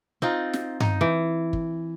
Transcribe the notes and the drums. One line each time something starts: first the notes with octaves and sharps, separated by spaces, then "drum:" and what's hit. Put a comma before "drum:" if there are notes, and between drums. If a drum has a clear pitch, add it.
C4 D#4 F4
drum: snare
D#4, drum: tom G2
E3
drum: kick